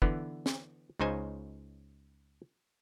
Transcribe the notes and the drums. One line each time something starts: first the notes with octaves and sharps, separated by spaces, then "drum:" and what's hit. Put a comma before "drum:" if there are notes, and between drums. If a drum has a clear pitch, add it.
D3 E3 B3, drum: kick
drum: snare
C#2 C#3 D#4 C5 G#5